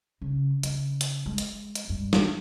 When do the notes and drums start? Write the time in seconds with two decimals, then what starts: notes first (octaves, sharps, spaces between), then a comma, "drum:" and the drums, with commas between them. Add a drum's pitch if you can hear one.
0.21 C#3
0.63 C#3, drum: hi-hat
1.01 drum: hi-hat
1.26 G#3
1.38 drum: hi-hat
1.75 drum: hi-hat
1.89 G2
2.13 drum: snare